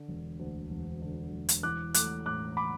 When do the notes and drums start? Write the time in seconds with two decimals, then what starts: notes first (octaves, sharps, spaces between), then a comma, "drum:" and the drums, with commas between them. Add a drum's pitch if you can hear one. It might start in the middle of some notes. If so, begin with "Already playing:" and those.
Already playing: D3
0.08 E1
0.39 D2
0.70 E1
1.02 D3
1.32 E1
1.49 drum: hi-hat
1.63 E3 D6 F#6
1.94 A3 D6 F#6, drum: hi-hat
2.26 A2 D6 F#6
2.57 B5 D6